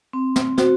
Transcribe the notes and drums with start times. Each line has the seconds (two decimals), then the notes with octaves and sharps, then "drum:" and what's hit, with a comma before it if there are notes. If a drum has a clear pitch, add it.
0.13 C4
0.36 drum: snare
0.58 F#4 C5, drum: snare